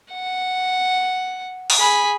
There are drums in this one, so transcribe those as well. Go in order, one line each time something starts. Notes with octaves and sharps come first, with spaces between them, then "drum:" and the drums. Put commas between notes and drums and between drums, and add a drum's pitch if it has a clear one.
F#5
drum: open hi-hat
G#4 B5